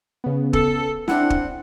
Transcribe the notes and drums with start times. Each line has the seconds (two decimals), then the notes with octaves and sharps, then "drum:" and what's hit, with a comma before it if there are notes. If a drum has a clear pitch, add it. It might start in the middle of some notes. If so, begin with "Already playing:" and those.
0.24 C#3 B3
0.53 A4, drum: kick
1.08 C4 D4 E4 F#5, drum: snare
1.30 drum: kick